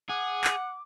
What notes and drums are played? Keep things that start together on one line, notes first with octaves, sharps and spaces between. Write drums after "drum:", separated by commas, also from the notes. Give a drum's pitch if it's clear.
G#4 F#5 D6
drum: clap